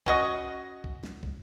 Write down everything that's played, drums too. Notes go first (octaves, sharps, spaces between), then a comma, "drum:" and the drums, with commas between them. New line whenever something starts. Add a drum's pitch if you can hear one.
C#4 F#4 D#5, drum: kick
drum: kick
drum: snare
drum: kick